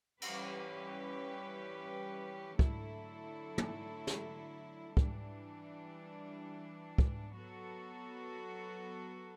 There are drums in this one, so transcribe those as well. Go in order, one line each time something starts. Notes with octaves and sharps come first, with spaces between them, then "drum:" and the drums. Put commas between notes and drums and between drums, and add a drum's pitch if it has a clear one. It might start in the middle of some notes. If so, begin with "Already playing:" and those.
E3 G3 C#4 G4 B4, drum: cymbal
D3 F#3 A3 E4 A4, drum: kick
drum: tom
drum: snare
E3 G3 D4, drum: kick
drum: kick
F#3 B3 F#4 A4